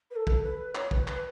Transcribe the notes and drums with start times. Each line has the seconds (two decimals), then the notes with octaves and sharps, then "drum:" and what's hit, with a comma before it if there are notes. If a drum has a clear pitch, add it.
0.11 B4
0.16 A4
0.27 drum: kick
0.43 B4
0.75 C#5, drum: clap
0.91 B4, drum: kick
1.08 B4, drum: clap